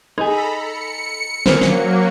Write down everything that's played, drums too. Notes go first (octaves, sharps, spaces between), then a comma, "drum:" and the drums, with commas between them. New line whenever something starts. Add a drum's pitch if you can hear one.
D#4 G#4 A4 A#5 B5, drum: rim click
C#7
F#3 A#3 C#4 A#4 C5, drum: snare
drum: snare